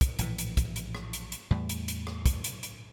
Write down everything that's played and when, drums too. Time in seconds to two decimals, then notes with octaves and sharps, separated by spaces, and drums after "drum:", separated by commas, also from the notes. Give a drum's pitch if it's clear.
0.01 drum: kick, hi-hat
0.19 A#1 A2 E3, drum: hi-hat
0.38 drum: hi-hat
0.57 drum: kick, hi-hat
0.76 drum: hi-hat
0.95 drum: rim click
1.13 drum: hi-hat
1.32 drum: hi-hat
1.51 E2 A2 G3
1.69 drum: hi-hat
1.88 drum: hi-hat
2.07 drum: rim click
2.26 drum: kick, hi-hat
2.44 drum: hi-hat
2.63 drum: hi-hat